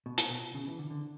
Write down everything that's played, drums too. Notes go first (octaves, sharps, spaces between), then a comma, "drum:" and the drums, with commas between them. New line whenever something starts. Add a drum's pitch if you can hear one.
B2
drum: hi-hat
B2
C#3
E3
D3
D3